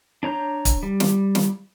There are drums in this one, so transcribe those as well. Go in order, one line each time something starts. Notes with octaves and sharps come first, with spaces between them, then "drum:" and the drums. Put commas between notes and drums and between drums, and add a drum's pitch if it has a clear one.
D4 C#5 A#5 G6
drum: kick, hi-hat
G3
drum: snare
drum: snare